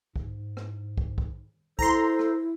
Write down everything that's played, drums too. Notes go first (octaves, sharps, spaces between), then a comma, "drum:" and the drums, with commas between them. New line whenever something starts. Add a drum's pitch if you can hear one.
G#2, drum: kick
drum: rim click
drum: kick
drum: kick
E4 A4 C5 A#5 C6, drum: kick
drum: rim click